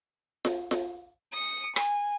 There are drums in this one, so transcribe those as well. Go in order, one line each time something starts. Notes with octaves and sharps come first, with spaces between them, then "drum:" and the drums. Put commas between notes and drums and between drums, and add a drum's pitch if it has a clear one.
drum: snare F4
drum: snare F4
D#6 C#7
G#5, drum: rim click